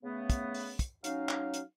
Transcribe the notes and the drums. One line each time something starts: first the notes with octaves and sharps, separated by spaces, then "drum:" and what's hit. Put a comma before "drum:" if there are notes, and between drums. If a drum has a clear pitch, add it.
C#3 A3 B3
drum: kick, hi-hat
drum: open hi-hat
drum: kick, hi-hat
F#3 C#4 D#4 F5, drum: hi-hat
drum: clap
drum: hi-hat